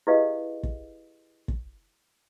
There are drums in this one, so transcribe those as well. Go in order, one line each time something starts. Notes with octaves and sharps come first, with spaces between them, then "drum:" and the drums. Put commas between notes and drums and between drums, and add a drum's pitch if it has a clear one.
E4 G4 G#4 B4 D#5 F5
drum: kick
drum: kick